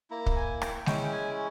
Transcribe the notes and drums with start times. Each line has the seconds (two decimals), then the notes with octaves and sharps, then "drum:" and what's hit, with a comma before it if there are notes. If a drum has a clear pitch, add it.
0.10 A#3 E4 A#5
0.26 drum: kick
0.37 G#5
0.62 G5, drum: rim click
0.86 G#3 C#4 E4 G5, drum: snare G#3
1.12 G#5